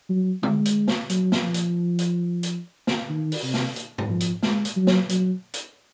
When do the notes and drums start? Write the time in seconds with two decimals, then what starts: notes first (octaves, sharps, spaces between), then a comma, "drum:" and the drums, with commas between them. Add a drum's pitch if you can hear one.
0.10 F#3
0.43 G#3, drum: tom
0.65 drum: hi-hat
0.88 drum: snare
1.10 F#3, drum: hi-hat
1.32 drum: snare
1.43 F3
1.54 drum: hi-hat
1.99 drum: hi-hat
2.43 drum: hi-hat
2.87 drum: snare
3.09 D#3
3.32 drum: open hi-hat
3.43 C3
3.54 drum: snare
3.76 drum: hi-hat
3.98 drum: tom G#2
4.09 F3
4.20 drum: hi-hat
4.43 G#3, drum: snare
4.65 drum: hi-hat
4.76 F#3
4.87 drum: snare
5.09 F#3, drum: hi-hat
5.54 drum: hi-hat